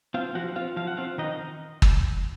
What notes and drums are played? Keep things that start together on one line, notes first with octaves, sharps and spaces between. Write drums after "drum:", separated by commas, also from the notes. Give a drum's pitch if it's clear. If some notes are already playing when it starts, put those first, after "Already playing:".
C4 F4 F5
F3 F#4 F#5
C4 F4 F5
F3 F5
F#5
C4 F4 F5
D#3 D#4 D#5
drum: kick